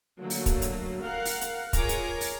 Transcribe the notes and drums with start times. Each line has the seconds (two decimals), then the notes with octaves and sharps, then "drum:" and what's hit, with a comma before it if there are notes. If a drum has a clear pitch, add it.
0.20 D3 F#3 A3 A#3
0.30 drum: open hi-hat
0.46 drum: kick, hi-hat
0.62 drum: hi-hat
1.02 A#4 F5 F#5
1.25 drum: open hi-hat
1.41 drum: hi-hat
1.73 F4 G#4 A#4 C#5 A#5 D6, drum: kick, hi-hat
1.89 drum: hi-hat
2.21 drum: open hi-hat